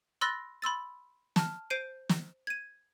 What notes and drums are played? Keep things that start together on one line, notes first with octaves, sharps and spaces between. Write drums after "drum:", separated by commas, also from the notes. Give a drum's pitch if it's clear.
B5 C6 E6 F#6 A6 A#6
B5 C6 E6 A6
A5 F6, drum: snare
C5 G6 C7 D7 D#7
drum: snare
G#6 D#7